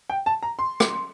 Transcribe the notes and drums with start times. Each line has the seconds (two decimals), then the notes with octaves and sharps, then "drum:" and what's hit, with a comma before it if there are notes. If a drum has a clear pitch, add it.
0.10 G5
0.26 A5
0.43 A#5
0.59 C6
0.80 drum: rim click